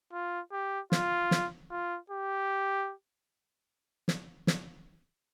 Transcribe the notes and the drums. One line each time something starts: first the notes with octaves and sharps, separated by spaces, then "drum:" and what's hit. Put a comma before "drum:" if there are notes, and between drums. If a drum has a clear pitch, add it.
F4
G4
F4, drum: snare
drum: snare
F4
G4
drum: snare
drum: snare